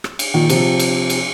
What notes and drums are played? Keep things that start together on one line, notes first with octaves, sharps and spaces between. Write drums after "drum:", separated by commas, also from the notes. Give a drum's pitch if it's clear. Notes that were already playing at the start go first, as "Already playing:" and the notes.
drum: rim click
drum: cymbal
A#2 D#3
C3 F3, drum: cymbal
drum: cymbal
drum: cymbal